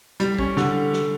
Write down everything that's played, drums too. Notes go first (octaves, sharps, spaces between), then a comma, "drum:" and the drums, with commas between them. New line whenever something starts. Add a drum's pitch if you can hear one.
G3, drum: hi-hat
C#4, drum: kick
D3, drum: snare
drum: snare